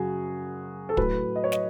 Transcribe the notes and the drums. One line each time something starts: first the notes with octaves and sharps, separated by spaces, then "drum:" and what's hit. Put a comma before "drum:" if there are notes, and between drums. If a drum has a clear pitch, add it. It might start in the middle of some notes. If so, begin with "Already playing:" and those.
Already playing: F#2 C#3 F#3 F#4 G#4
A4
A2 F#3 B4, drum: kick
D#5
C#5
D#5, drum: snare